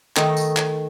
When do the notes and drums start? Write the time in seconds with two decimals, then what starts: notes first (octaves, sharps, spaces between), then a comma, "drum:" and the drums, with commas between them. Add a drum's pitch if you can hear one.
0.16 D#3 A3 D#4, drum: clap
0.37 drum: tambourine
0.57 drum: clap